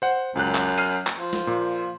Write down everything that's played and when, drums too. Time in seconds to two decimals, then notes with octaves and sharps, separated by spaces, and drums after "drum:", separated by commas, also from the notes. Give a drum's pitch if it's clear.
0.02 C5 F#5, drum: tambourine
0.35 C#2 F#2 F#6
0.55 drum: clap
0.78 F6 C7 D#7, drum: cymbal
1.07 drum: clap
1.19 F3
1.33 drum: snare
1.47 A#2